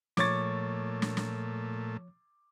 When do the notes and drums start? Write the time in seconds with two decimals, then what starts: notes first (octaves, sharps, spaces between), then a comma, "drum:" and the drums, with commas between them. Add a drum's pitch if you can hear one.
0.17 A#2 F3 A3 C#5 C#6 D6 G#6 A6, drum: snare
1.02 drum: snare
1.17 drum: snare